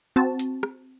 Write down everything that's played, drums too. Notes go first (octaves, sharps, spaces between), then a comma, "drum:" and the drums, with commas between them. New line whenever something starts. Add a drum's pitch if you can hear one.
C4 F#4 A5
drum: hi-hat
drum: rim click